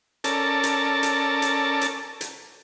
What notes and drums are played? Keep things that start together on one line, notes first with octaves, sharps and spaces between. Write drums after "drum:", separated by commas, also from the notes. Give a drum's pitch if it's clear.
C#4 A4 A#4 D5 A5, drum: hi-hat
drum: hi-hat
drum: hi-hat
drum: hi-hat
drum: hi-hat
drum: hi-hat